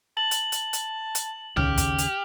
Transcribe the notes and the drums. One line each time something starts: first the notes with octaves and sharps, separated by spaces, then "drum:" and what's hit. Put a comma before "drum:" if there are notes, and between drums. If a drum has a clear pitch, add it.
A5 F#7
drum: hi-hat
drum: hi-hat
drum: hi-hat
drum: hi-hat
D#2 C#3 G4 F6, drum: tom
drum: kick, hi-hat
drum: hi-hat